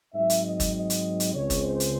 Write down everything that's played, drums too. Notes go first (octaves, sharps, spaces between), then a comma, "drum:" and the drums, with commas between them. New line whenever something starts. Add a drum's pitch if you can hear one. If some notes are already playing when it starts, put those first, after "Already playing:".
G#2 F#3 C4 E5
drum: hi-hat
D#5
drum: kick G1, hi-hat
D#5
drum: hi-hat
drum: hi-hat
C#2 C#3 G#3 C4 C#5
drum: kick G1, hi-hat
C5
drum: hi-hat